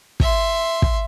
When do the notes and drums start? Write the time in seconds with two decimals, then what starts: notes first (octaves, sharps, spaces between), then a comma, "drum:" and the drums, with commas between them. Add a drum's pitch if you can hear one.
0.20 E5 C6, drum: kick
0.82 drum: kick